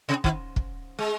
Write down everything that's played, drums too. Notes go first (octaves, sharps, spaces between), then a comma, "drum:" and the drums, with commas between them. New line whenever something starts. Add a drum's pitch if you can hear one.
C3
D#3, drum: kick
drum: kick
G#3